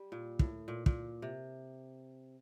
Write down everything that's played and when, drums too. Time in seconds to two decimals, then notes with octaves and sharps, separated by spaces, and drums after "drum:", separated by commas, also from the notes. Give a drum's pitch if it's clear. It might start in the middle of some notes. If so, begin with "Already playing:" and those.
Already playing: G3
0.12 A#2
0.39 A2, drum: kick
0.68 A#2
0.86 A#2, drum: kick
1.22 C3